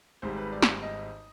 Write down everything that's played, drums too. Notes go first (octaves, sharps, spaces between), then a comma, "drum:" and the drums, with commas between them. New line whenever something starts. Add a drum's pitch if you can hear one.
G#1 G#2 G3 C5
B4
D5
drum: snare
D#5